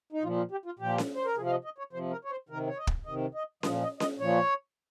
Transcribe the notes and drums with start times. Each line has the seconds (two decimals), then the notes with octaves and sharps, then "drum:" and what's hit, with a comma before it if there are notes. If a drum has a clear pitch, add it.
0.13 D#4
0.23 A#2 F3 F4
0.36 F4
0.51 G4
0.65 F4
0.79 A#2 F3 G4
0.98 drum: snare C#4
1.15 C5
1.25 A#4
1.36 C3 F3 G#4
1.46 F5
1.50 D#5
1.64 D#5
1.78 C#5
1.93 C3 F3 C5
2.11 A#4
2.25 C#5
2.31 C5
2.49 C3 D#3 A#4
2.67 C#5
2.78 D#5
2.87 drum: kick
3.06 C3 D#3 D#5
3.35 D#5
3.63 A#2 F3 D#5, drum: snare C#4
3.82 D#5
4.00 D#5, drum: snare C#4
4.19 A#2 F3 C#5